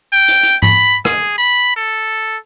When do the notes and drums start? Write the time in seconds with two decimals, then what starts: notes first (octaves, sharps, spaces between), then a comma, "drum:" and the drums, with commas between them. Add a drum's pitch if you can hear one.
0.13 G5
0.28 drum: hi-hat
0.43 drum: hi-hat
0.63 B5, drum: tom G#2
1.05 G#4, drum: rim click
1.38 B5
1.76 A4